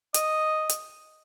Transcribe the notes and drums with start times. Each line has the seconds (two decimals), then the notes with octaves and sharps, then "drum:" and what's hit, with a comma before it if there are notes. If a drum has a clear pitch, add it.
0.14 D#5, drum: hi-hat
0.69 drum: hi-hat